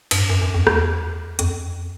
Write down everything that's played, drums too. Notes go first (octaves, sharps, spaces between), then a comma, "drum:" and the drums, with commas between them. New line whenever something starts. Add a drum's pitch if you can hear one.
G2, drum: cymbal
F#2
F#2
F2
E2, drum: rim click
F2, drum: hi-hat